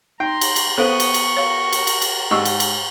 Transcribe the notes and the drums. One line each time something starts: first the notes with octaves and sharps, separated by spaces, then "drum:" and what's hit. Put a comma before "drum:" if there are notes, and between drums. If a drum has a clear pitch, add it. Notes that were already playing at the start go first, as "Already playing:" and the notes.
D#4 G5 A#5 C6
drum: cymbal
drum: cymbal
B3 A4 C5 F5 C#6 D#6
drum: cymbal
drum: cymbal
F#4 A#4 C#5 F5
drum: cymbal
drum: cymbal
drum: cymbal
G#2 G4 D#5 C#6 E6
drum: cymbal
drum: cymbal